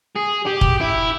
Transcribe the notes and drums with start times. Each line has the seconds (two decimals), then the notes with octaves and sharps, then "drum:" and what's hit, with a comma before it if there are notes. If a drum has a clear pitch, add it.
0.16 G#4
0.47 G4
0.61 drum: kick
0.81 E4